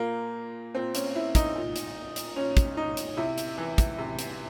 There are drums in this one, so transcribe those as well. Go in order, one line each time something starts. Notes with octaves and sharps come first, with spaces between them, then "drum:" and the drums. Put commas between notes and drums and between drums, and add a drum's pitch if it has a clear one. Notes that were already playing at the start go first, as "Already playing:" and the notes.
Already playing: A#2 A#3
A#2 C4
C#4, drum: hi-hat
E4
D#4, drum: kick, hi-hat
A#2
drum: hi-hat
drum: hi-hat
A#2 C#4
drum: kick, hi-hat
D#4
drum: hi-hat
C3 E4
drum: hi-hat
E3
drum: kick, hi-hat
C3
drum: hi-hat